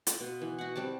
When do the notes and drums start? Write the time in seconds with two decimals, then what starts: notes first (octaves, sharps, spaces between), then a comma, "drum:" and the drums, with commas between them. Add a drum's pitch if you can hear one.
0.07 F4, drum: hi-hat
0.20 B2
0.42 E3
0.58 F#4 F#5
0.76 G3 C4 G4 A5